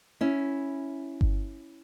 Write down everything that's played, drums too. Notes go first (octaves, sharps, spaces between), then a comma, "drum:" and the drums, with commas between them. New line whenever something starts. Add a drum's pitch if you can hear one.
C#4 E4
drum: kick G1